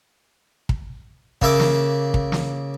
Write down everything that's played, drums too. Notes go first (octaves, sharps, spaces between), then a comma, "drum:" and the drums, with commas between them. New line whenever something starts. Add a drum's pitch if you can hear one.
drum: kick
C#3 A#3 E5 D6, drum: kick
drum: snare
drum: kick
drum: snare